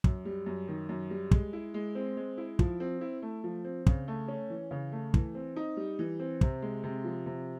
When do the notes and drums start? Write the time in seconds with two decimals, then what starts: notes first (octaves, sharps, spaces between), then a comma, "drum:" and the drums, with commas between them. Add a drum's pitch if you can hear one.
0.04 F#2, drum: kick
0.25 G3
0.46 F#2
0.68 D#3
0.89 F#2
1.10 G3
1.31 G#3, drum: kick
1.53 E4
1.74 G#3
1.95 C4
2.17 G#3
2.38 E4
2.59 F3, drum: kick
2.80 C4
3.01 E4
3.22 A3
3.44 F3
3.64 C4
3.86 C#3, drum: kick
4.08 A3
4.28 C#4
4.50 E3
4.71 C#3
4.92 A3
5.14 E3, drum: kick
5.35 C4
5.56 D#4
5.77 G3
5.99 E3
6.19 C4
6.41 C3, drum: kick
6.62 G#3
6.84 C3
7.04 F3
7.26 C3